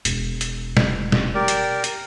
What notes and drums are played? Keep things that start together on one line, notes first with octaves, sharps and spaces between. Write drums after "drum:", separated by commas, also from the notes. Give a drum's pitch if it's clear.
E1, drum: hi-hat
drum: hi-hat
drum: snare
drum: snare
G4 A#4 D5
drum: hi-hat
drum: hi-hat